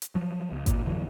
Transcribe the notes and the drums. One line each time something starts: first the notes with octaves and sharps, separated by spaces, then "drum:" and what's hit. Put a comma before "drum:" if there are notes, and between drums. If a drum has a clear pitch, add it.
drum: hi-hat
F3 F#3
C#2
G1 A#2, drum: kick G#1, hi-hat
F2 D3 E3 F#3